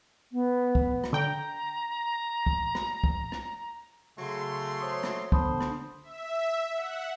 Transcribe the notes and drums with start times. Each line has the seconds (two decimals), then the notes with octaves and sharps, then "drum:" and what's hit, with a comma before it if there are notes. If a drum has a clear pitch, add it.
0.32 B3
0.75 drum: kick
1.04 drum: rim click
1.13 D3 G5 A#5
2.46 drum: kick
2.75 drum: rim click
3.04 drum: kick
3.32 drum: rim click
4.19 C#3 F#3 A3 C6
4.82 C5 C#5 D#6
5.03 drum: rim click
5.32 D3 B3 D4 C5 A5 B5 D#6, drum: kick
5.61 drum: rim click
6.03 E5
6.75 F#5